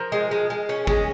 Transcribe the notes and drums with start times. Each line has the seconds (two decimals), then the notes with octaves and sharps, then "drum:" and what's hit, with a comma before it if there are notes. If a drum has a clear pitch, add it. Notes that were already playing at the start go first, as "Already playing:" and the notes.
Already playing: F3 A#4
0.12 G#3
0.31 G#3
0.50 G#3
0.69 C#4
0.87 G#3, drum: kick